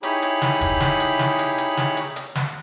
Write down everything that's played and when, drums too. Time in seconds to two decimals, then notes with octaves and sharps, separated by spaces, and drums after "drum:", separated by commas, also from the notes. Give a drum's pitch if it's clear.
0.03 D#4 E4 G4 G#4 C#5 B5, drum: hi-hat
0.22 drum: hi-hat
0.42 drum: snare
0.61 drum: kick E1, hi-hat
0.80 drum: snare
1.00 drum: hi-hat
1.19 drum: snare
1.39 drum: hi-hat
1.58 drum: hi-hat
1.77 drum: snare
1.97 drum: hi-hat
2.16 drum: hi-hat
2.35 drum: snare